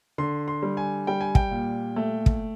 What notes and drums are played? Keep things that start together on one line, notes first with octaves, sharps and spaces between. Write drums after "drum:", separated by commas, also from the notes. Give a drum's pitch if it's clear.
D3 C6
C6
G3
G#5
G3 G5
G#5
G5, drum: kick
A#2
A3
drum: kick